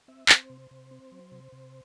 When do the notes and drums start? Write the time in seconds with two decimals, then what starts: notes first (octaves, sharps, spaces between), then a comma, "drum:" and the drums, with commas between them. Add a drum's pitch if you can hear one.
0.08 C4 E5
0.29 C4 C5, drum: clap
0.50 C3
0.71 C3
0.91 C4
1.12 F#3
1.32 C3
1.52 C3